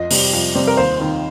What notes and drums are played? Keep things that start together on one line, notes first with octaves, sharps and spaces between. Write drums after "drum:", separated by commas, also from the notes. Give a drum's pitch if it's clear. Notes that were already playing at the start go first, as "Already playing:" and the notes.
Already playing: F2 D#5
C3 G3 C4, drum: open hi-hat
F2
C3 G3 C4
A#4
D#2 C5
D#3 C4